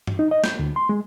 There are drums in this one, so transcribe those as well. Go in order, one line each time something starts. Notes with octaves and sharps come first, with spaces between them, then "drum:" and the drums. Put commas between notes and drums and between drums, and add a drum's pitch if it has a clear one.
drum: tom G2
D#4
D#5
G6, drum: snare
D2
C6
G#3